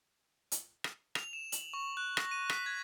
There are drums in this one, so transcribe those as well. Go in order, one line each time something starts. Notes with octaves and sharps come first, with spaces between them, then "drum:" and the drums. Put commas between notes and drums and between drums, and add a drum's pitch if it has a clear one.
drum: hi-hat
drum: rim click
F7, drum: rim click
E7
F#7, drum: hi-hat
C#6
F#6
A#6, drum: rim click
D#7
B6, drum: rim click
G#6